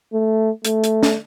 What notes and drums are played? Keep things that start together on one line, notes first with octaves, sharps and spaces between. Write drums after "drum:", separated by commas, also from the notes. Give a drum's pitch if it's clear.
A3
A3, drum: hi-hat
drum: hi-hat
drum: snare